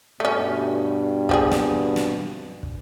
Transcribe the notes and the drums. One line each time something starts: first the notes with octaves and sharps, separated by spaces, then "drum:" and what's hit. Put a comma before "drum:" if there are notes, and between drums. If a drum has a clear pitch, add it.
G2 B2 A3 C#4
F3 G4 G#4, drum: kick
drum: snare
drum: snare
drum: kick